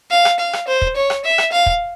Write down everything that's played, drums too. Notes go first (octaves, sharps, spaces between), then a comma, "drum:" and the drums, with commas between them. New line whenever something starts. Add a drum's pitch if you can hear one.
F5
drum: rim click
F5
drum: rim click
C5
drum: kick
C#5
drum: rim click
E5
drum: rim click
F5
drum: kick